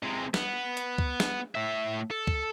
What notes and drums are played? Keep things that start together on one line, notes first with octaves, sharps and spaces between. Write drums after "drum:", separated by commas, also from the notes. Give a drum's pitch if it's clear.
C3 G#3
B3, drum: snare
drum: hi-hat
drum: kick C#2
drum: snare
A2 E5
A4
drum: kick C#2